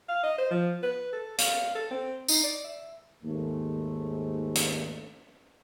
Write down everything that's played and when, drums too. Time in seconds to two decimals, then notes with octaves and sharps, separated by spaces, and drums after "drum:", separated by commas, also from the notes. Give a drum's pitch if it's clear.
0.08 F5
0.23 D#5
0.38 C5
0.51 F3
0.83 B4
1.12 A4
1.38 F5, drum: hi-hat
1.75 A4
1.91 C4
2.28 D#4, drum: tambourine
2.43 D5
2.64 E5
3.23 D#2 G#2 A3
4.55 drum: hi-hat